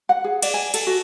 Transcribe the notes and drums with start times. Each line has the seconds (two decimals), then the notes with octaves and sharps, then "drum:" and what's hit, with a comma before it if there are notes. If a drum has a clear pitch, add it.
0.09 F#5
0.24 G#4
0.42 D5, drum: cymbal
0.54 G#5
0.74 A4, drum: cymbal
0.87 F#4